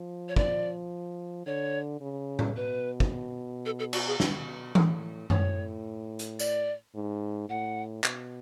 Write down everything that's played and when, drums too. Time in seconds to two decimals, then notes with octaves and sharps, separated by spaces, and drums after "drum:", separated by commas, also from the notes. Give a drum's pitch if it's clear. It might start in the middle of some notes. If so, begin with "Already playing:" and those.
Already playing: F3
0.28 C#5
0.36 D5, drum: kick
1.46 D3 C#5
2.01 C#3
2.39 drum: tom A2
2.56 B2 B4
3.00 drum: kick
3.65 A4
3.79 A4
3.93 F#4, drum: cymbal
4.07 G#4
4.20 B2, drum: snare
4.75 A2, drum: tom E3
5.30 A2 C#5, drum: tom F#2
6.19 drum: hi-hat
6.39 D5, drum: tambourine
6.95 G#2
7.49 A2 F#5
8.04 B2, drum: clap